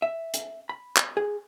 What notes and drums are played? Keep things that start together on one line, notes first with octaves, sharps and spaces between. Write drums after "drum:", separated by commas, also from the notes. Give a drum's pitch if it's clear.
E5
drum: hi-hat
B5
drum: clap
G#4